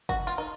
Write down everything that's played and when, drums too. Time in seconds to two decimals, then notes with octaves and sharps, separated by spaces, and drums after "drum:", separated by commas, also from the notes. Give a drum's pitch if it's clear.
0.09 F#4, drum: kick F#1
0.27 F4
0.38 D#4